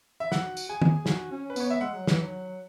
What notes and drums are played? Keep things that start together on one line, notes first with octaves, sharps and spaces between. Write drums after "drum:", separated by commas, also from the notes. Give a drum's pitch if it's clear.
E5
F#4 F#5, drum: snare
drum: tambourine
G#4 G#5
drum: tom D#3
F#4, drum: snare
C#4
B4
B3 C#5, drum: tambourine
E5
G#3 F#5
F#3
E3, drum: snare
F#3